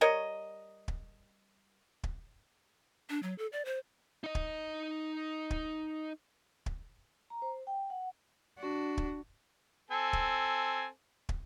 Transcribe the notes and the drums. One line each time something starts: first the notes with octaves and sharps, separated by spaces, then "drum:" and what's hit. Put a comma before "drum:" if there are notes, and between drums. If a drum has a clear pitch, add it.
G3 A#4 C#5 D#5
drum: kick
drum: kick
D4
F#3
A4
D5
C5
D#4 D#5
drum: kick
drum: kick
drum: kick
A#5
C5
G5
F#5
D4 F#4
drum: kick
C4 A4 G#5
drum: kick
drum: kick